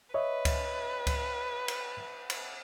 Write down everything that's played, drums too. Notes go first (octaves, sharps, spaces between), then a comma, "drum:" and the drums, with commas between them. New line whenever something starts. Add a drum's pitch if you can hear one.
B4 C#5 D#5 E5
drum: kick C#2, cymbal
drum: kick C#2, cymbal
drum: cymbal
drum: cymbal